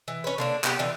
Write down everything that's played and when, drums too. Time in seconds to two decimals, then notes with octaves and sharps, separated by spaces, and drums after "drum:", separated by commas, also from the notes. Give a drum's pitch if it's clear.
0.08 E3
0.24 C#4 B4
0.38 D3 A#3 D4
0.64 B3 G4, drum: clap
0.79 D3 E3